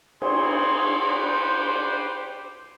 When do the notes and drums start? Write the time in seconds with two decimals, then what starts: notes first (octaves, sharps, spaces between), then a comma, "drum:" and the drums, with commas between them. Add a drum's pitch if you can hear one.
0.22 C4 E4 G#4 C6, drum: cymbal
1.08 G4 B4 C5